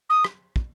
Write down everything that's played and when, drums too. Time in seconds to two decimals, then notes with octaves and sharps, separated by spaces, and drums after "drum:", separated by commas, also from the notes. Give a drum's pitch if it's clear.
0.09 D#6
0.24 drum: rim click
0.56 drum: kick